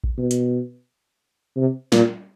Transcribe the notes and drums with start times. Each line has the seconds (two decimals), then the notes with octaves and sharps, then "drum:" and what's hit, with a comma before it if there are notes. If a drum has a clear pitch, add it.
0.04 drum: kick A1
0.18 B2
0.31 drum: hi-hat
1.57 C3
1.92 A#2, drum: snare